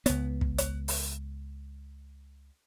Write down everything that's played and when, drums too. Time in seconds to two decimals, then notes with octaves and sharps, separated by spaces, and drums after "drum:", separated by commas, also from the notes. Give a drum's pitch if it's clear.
0.06 C#2 B3, drum: hi-hat
0.41 drum: kick
0.58 drum: hi-hat
0.88 drum: open hi-hat